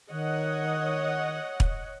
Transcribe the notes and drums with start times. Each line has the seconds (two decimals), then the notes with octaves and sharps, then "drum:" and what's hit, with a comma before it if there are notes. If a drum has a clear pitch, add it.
0.11 D#3 C#5 D#5 F#5
1.60 drum: kick